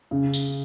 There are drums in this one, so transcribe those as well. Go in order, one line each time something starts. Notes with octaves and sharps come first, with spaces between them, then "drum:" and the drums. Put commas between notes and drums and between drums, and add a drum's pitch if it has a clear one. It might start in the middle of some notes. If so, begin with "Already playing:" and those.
C#3
drum: tambourine